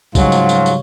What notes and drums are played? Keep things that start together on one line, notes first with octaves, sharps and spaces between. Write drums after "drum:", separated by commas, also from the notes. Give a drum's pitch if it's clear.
G#2 C#3 F#3 G3 F4 C#5, drum: kick, tambourine
drum: tambourine
drum: tambourine
drum: tambourine